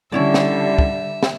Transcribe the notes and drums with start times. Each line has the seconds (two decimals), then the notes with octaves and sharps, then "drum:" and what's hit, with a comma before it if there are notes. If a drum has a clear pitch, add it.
0.12 D3 G3 C#4 E4 D5 E5
0.34 drum: snare
0.78 drum: kick
1.23 drum: snare